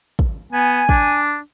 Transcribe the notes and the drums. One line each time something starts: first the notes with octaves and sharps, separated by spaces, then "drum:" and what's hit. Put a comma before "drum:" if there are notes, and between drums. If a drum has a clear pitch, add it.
drum: kick
B3 G#5
D4, drum: kick